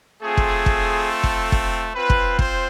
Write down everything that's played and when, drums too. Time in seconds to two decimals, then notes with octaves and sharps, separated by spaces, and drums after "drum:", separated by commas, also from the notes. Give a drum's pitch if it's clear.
0.23 A3 C4 F4 G#4
0.37 drum: kick
0.66 drum: kick
1.10 A4
1.24 drum: kick
1.52 drum: kick
1.95 C4 F4 B4
2.10 drum: kick
2.39 C5, drum: kick